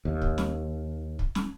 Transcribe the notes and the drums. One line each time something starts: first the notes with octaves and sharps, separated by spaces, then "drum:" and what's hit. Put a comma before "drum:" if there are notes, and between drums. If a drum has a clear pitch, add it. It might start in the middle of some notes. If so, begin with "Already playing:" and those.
D#2
drum: kick
drum: snare
drum: kick
drum: snare